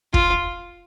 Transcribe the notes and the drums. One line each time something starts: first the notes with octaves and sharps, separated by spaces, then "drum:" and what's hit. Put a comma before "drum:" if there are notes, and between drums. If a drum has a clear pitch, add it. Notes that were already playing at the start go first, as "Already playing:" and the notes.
F4, drum: kick